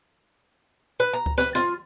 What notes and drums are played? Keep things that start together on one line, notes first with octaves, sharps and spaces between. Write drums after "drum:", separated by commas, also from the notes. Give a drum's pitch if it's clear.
B4
A#5
drum: kick C#2
B4, drum: snare
F4, drum: snare